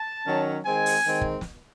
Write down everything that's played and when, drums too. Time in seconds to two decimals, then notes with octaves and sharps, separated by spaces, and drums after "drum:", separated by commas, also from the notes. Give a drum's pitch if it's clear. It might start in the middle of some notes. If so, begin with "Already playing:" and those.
Already playing: A5
0.26 D#3 F#3 C#4
0.66 D#3 G#3 C4 G#5
0.86 drum: open hi-hat
1.06 D#3 G#3 C4
1.21 drum: kick
1.41 drum: snare